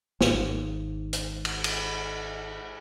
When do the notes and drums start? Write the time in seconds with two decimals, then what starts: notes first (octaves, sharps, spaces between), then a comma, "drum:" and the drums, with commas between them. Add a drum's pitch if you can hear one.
0.21 G#1 G#2, drum: snare
1.13 drum: hi-hat
1.45 drum: cymbal
1.64 drum: cymbal